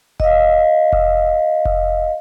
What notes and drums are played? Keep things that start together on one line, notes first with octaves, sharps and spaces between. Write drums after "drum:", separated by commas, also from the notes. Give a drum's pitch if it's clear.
D#5 F5, drum: kick F1
drum: kick F1
drum: kick F1